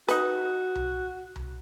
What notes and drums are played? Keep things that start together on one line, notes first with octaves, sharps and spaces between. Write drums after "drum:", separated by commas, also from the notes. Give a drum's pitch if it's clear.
D#4 F#4 B4, drum: hi-hat
drum: tom C2
drum: tom C2